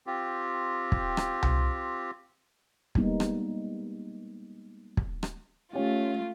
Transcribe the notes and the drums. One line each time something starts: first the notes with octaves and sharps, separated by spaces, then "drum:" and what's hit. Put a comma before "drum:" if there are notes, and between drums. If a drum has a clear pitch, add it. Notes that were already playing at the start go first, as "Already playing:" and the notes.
C4 F4 G4
drum: kick
drum: rim click
drum: tom C2
G3 G#3 A#3 B3 D#4, drum: kick
drum: rim click
drum: kick
drum: rim click
A3 C#4 F4 G4